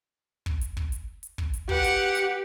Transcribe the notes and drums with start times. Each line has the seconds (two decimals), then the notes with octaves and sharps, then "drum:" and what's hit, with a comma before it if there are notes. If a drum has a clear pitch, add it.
0.46 drum: kick
0.61 drum: hi-hat
0.77 drum: kick
0.92 drum: hi-hat
1.23 drum: hi-hat
1.38 drum: kick
1.53 drum: hi-hat
1.69 G4 B4 F#5, drum: kick
1.84 drum: hi-hat
2.15 drum: hi-hat